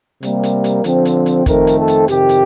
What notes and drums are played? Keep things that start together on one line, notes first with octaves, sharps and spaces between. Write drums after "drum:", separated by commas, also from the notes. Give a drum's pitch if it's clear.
C3 G3 A#3, drum: hi-hat
drum: hi-hat
drum: hi-hat
D3 F3 C4, drum: hi-hat
drum: hi-hat
drum: hi-hat
F2 D#3 A3 C4 A#4, drum: kick, hi-hat
drum: hi-hat
A4
drum: hi-hat
F2 C3 D#3 G4, drum: hi-hat
drum: hi-hat